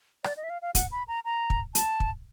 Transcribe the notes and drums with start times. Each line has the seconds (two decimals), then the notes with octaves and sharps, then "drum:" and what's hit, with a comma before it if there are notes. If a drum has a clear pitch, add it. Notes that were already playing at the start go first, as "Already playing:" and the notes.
0.24 D5, drum: rim click
0.37 D#5
0.44 E5
0.50 F5
0.62 F5
0.75 F#5, drum: kick, hi-hat
0.92 B5
1.08 A#5
1.25 A#5
1.50 drum: kick
1.75 A5, drum: hi-hat
2.00 drum: kick